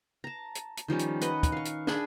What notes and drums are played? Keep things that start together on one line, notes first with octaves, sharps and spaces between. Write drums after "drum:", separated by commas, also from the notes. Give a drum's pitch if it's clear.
A5 A#5
drum: hi-hat
drum: hi-hat
D#3 F3 G3 C#4
drum: hi-hat
B4 D#5 F#5, drum: hi-hat
drum: kick, hi-hat
F5 C#6
drum: hi-hat
D4 G#4 G#5 B5, drum: snare